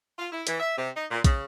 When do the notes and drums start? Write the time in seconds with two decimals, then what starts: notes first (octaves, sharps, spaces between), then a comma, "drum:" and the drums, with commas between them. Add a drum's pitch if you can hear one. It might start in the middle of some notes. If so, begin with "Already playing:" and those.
0.18 F4
0.31 E4
0.47 E3, drum: hi-hat
0.59 E5
0.77 C3
0.96 D#4
1.09 A#2
1.24 C#3, drum: kick, hi-hat